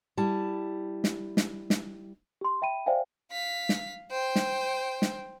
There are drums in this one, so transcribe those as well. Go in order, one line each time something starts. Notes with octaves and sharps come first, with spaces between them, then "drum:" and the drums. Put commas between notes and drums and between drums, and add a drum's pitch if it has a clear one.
G3 E4 A5
drum: snare
drum: snare
drum: snare
G4 C6
E5 G5 B5 D#7
C5 D5 E5 F5 G5 G#5
F5 B6
drum: snare
C5 G5
drum: snare
drum: snare